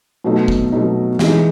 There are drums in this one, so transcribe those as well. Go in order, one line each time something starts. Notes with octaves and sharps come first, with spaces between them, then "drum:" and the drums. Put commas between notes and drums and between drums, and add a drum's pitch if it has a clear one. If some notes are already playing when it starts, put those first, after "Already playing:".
B2 F#3 A3 D#4
drum: kick
B2 F#3 A3 D#4
E3 G#3 D#4, drum: snare